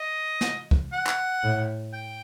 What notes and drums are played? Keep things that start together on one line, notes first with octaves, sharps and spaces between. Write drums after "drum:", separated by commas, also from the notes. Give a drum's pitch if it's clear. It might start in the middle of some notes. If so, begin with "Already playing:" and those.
Already playing: D#5
drum: snare
drum: kick
F#5
drum: clap
A2
G5